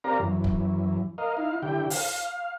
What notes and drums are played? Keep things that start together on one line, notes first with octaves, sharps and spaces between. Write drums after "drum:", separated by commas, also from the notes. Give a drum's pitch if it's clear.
C4 G4 A#4 D5 F5 A#5
F#2 E3
drum: kick
A#4 D#5 F5
D#4 E4 F5
D3 E4 G4 G5
F5, drum: open hi-hat